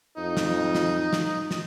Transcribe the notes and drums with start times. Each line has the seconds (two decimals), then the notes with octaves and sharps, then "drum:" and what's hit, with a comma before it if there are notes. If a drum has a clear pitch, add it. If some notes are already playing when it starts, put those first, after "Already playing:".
0.18 F2 D#4
0.37 drum: snare
0.75 drum: snare
1.13 drum: snare
1.51 drum: snare